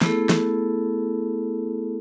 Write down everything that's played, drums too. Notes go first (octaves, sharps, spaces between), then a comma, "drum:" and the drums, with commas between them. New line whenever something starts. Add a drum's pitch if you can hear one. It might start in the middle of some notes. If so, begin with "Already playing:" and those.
A3 B3 E4 G#4 A4, drum: snare
drum: snare